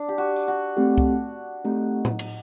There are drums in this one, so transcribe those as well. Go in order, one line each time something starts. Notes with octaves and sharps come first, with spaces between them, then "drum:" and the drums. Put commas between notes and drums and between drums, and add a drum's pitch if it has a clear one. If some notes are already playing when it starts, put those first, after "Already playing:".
Already playing: D4
G4
F#4
drum: tambourine
F#4
A3 C4 G4
drum: kick C2
A3 C4 D#4 G4
drum: tom A2
drum: cymbal